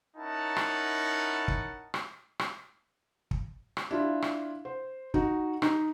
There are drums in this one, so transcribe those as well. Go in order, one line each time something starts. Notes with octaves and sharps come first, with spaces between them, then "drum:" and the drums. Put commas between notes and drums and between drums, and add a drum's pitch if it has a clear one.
C#4 D#4 E4 A#4 F#5 A5
drum: rim click
drum: kick
drum: rim click
drum: rim click
drum: kick
drum: rim click
D4 E4 F4
drum: rim click
C5
D#4 F#4, drum: kick
D#4, drum: rim click